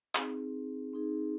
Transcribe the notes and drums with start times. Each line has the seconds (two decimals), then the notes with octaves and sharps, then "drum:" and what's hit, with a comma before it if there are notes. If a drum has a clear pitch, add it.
0.15 C4 D#4 G#4, drum: clap
0.93 C4 D#4 G#4